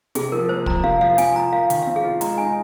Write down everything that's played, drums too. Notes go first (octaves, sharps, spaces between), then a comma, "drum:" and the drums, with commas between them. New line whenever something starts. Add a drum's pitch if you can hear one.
C3 G#4, drum: hi-hat
F3 A#4
A#3 C5
F2 A#5, drum: kick
C3 F5
F3 F5
C4 G#5, drum: hi-hat
F4 A#5
A#4 F5
D#3, drum: hi-hat
F5
C4
G#4
F4
G#3 A#5, drum: hi-hat
D#4 G#5